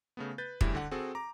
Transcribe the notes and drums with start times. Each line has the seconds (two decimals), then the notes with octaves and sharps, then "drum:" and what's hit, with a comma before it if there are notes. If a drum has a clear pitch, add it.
0.17 C#3 A3 B3
0.38 B4 G6 A6
0.61 D2 C#3 G3 E4, drum: kick
0.75 D3 F#5
0.91 C4 F#4 G#4 A4
1.15 A#5 D6